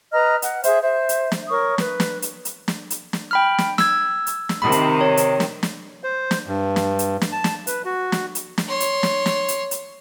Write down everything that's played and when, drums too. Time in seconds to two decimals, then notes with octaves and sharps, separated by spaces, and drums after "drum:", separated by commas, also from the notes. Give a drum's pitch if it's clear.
0.12 B4 D#5 A#5 F6
0.42 F#5, drum: hi-hat
0.64 G#4 C5 E5, drum: hi-hat
0.82 C5 E5
1.09 drum: hi-hat
1.32 drum: snare
1.48 A#4 C#5 C#6 D#6
1.78 B4, drum: snare
2.00 drum: snare
2.22 drum: hi-hat
2.45 drum: hi-hat
2.68 drum: snare
2.90 drum: hi-hat
3.13 drum: snare
3.31 G5 B5 F6
3.58 drum: snare
3.78 E6 G#6, drum: snare
4.27 drum: hi-hat
4.49 drum: snare
4.62 C3 D#3 B5
4.72 drum: hi-hat
5.01 C#5
5.17 drum: hi-hat
5.40 drum: snare
5.63 drum: snare
6.04 C5
6.31 drum: snare
6.47 G2
6.76 drum: snare
6.99 drum: hi-hat
7.22 drum: snare
7.32 A5
7.44 drum: snare
7.67 B4, drum: hi-hat
7.85 F#4
8.12 drum: snare
8.35 drum: hi-hat
8.58 drum: snare
8.67 C#5 C6
8.80 drum: hi-hat
9.03 drum: snare
9.26 drum: snare
9.48 drum: hi-hat
9.71 drum: hi-hat